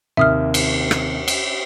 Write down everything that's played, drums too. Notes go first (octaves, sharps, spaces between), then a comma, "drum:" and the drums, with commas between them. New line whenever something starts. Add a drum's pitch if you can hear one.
D#2 C3 E5 D#6 F6
drum: cymbal
drum: rim click
drum: cymbal